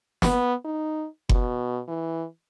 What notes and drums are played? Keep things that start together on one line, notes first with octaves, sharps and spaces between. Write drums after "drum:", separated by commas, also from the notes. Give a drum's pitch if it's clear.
B3, drum: snare
D#4
B2, drum: kick F#1
E3